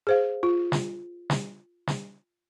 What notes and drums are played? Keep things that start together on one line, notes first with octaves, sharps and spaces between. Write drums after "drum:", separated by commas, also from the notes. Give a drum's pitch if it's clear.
G#4 C5 F5
F4
drum: snare
drum: snare
drum: snare